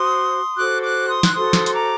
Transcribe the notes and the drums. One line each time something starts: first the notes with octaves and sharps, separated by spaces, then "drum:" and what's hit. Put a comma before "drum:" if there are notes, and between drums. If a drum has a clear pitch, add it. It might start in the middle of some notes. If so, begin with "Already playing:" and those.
Already playing: F#4 C5 C6 D#6
F#4 A4 C5 D6 F#6
D6 F#6
C6 D#6
F#6, drum: snare
F#4 A4 C5 C6 D#6
drum: snare
C6, drum: hi-hat
A#5 D6